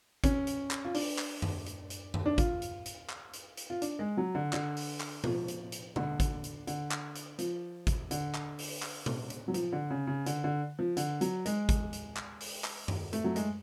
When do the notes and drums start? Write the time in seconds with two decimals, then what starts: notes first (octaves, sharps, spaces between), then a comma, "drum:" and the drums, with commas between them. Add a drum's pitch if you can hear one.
0.24 C#4, drum: kick G#1, hi-hat
0.47 drum: hi-hat
0.71 drum: clap
0.85 F4
0.94 D4, drum: open hi-hat
1.18 drum: clap
1.42 drum: tom F#2
1.66 drum: hi-hat
1.90 drum: hi-hat
2.14 drum: tom F#2
2.26 D4
2.38 F4, drum: kick G#1, hi-hat
2.62 drum: hi-hat
2.86 drum: hi-hat
3.09 drum: clap
3.33 drum: hi-hat
3.57 drum: hi-hat
3.70 F4
3.82 D4, drum: hi-hat
3.99 G#3
4.17 F#3
4.35 D3
4.53 D3, drum: clap
4.77 drum: open hi-hat
5.00 drum: clap
5.24 F3, drum: tom B2
5.48 drum: hi-hat
5.72 drum: hi-hat
5.96 D3, drum: tom B2
6.20 drum: kick G#1, hi-hat
6.44 drum: hi-hat
6.67 D3, drum: hi-hat
6.91 drum: clap
7.15 drum: hi-hat
7.39 F3, drum: hi-hat
7.87 drum: kick G#1, hi-hat
8.11 D3, drum: hi-hat
8.35 drum: clap
8.58 drum: open hi-hat
8.82 drum: clap
9.06 drum: tom B2
9.30 drum: hi-hat
9.48 F#3
9.54 F3, drum: hi-hat
9.72 D3
9.90 C#3
10.07 C#3
10.26 D3, drum: hi-hat
10.44 D3
10.79 F3
10.97 D3, drum: hi-hat
11.21 F#3, drum: hi-hat
11.46 G#3, drum: hi-hat
11.69 drum: kick G#1, hi-hat
11.93 drum: hi-hat
12.17 drum: clap
12.40 drum: open hi-hat
12.64 drum: clap
12.88 drum: tom F#2
13.13 A3, drum: hi-hat
13.24 F#3
13.36 G#3, drum: hi-hat